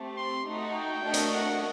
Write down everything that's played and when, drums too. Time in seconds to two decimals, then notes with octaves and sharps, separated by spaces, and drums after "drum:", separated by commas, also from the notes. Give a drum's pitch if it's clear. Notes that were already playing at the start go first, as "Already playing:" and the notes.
Already playing: A3 C4 G4
0.17 C6
0.46 A3 D#4 F#4
0.75 G5
1.04 A3 D4 F#4 A#4 D#5
1.14 drum: hi-hat
1.33 F#5